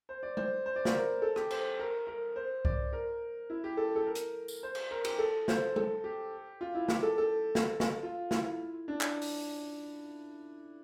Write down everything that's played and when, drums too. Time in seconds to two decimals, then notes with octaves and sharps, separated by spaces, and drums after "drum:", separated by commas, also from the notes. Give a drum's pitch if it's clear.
0.09 C5
0.23 D5
0.37 C5, drum: tom G#3
0.66 C5
0.76 D5
0.85 C5, drum: snare
0.94 A#4
1.22 A4
1.36 G4, drum: rim click
1.51 C5, drum: cymbal
1.79 A#4
2.07 A#4
2.36 C5
2.65 D5, drum: kick C2
2.93 A#4
3.50 E4
3.64 G4
3.77 A4
3.96 A4
4.06 A#4
4.15 drum: hi-hat
4.48 drum: tambourine
4.63 C5
4.75 drum: cymbal
4.91 A#4
5.05 G4, drum: cymbal
5.19 A4
5.48 C5, drum: snare
5.76 A4, drum: tom G#3
6.04 G4
6.61 F4
6.75 E4
6.88 G4, drum: snare
7.03 A4
7.18 A4
7.55 drum: snare
7.80 drum: snare
8.03 F4
8.31 E4, drum: snare
8.88 D4
9.01 drum: clap
9.22 drum: open hi-hat